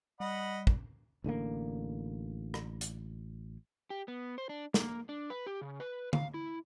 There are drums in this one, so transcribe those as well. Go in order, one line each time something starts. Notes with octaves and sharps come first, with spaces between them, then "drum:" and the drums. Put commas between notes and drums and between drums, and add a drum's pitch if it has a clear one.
G3 D#5 F#5 B5
drum: kick
A1 D3 E3 A#3
drum: rim click
drum: hi-hat
G4
B3
C5
D4
A#3, drum: snare
D4
B4
G4
C#3
B4
F5, drum: tom D3
E4